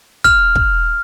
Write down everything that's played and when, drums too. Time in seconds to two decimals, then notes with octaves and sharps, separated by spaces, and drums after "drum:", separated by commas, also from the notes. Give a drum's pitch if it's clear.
0.24 F6, drum: kick
0.55 drum: kick